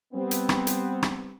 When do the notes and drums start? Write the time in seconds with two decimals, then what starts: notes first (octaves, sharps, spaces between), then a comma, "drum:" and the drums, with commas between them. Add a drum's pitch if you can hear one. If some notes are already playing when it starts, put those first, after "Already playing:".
0.13 G3 B3 C4
0.31 drum: hi-hat
0.49 drum: rim click
0.67 drum: hi-hat
1.03 drum: rim click